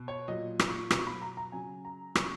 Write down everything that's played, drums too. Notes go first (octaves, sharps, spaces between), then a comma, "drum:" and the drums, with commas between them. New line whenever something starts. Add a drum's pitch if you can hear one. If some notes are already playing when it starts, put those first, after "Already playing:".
Already playing: B2
C#5
A#2 F#3 D#5
drum: rim click
C#6
B2 F#3 C#6, drum: rim click
B5
A#5
A#5
C#3 F#3 G#5
A#5
C#3 F#3 C#6, drum: rim click